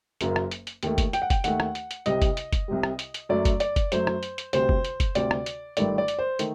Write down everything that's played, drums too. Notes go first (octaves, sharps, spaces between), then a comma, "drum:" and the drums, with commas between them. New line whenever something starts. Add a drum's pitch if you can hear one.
F#1 F#2 F#3 A#3, drum: hi-hat
drum: rim click
drum: hi-hat
drum: hi-hat
D#2 D#3 A3, drum: hi-hat
drum: kick, hi-hat
G5, drum: hi-hat
F#5
G5, drum: kick, hi-hat
D#2 D#3 A3 F#5, drum: hi-hat
drum: rim click
drum: hi-hat
drum: hi-hat
C2 C3 G3 D#5, drum: hi-hat
drum: kick, hi-hat
drum: hi-hat
drum: kick, hi-hat
C2 C3 G3
drum: rim click
drum: hi-hat
drum: hi-hat
F#2 F#3 A3 D5
drum: kick, hi-hat
D5, drum: hi-hat
drum: kick, hi-hat
F#2 F#3 A3 C5, drum: hi-hat
drum: rim click
drum: hi-hat
drum: hi-hat
D2 C3 G3 C5, drum: hi-hat
drum: kick
drum: hi-hat
drum: kick, hi-hat
D2 C3 G3 D5, drum: hi-hat
drum: rim click
drum: hi-hat
G1 G2 D#3 A3 D5, drum: hi-hat
D5
drum: hi-hat
C5
D#3 A3, drum: hi-hat